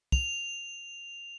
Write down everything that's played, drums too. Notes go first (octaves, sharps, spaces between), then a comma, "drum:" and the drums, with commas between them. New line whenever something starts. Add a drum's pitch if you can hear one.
F7, drum: kick